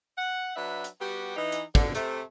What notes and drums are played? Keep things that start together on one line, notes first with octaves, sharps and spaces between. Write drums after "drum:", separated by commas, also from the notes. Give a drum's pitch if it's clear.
F#5
F#3 D4 B4 E5
drum: hi-hat
G3 B3 F#4 G4
E3 D#4
drum: hi-hat
D3, drum: kick, hi-hat
C3 A3, drum: hi-hat